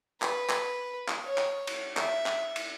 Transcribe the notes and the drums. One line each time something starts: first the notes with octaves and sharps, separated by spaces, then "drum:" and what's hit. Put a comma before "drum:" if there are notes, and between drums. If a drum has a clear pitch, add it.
B4, drum: clap
drum: clap
drum: clap
C#5
drum: clap
drum: cymbal
E5, drum: clap
drum: clap
drum: cymbal